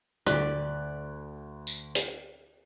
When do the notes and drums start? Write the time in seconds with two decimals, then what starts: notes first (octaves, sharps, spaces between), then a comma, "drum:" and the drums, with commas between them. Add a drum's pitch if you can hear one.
0.26 D2 D5 F#6, drum: rim click
1.67 drum: tambourine
1.95 drum: hi-hat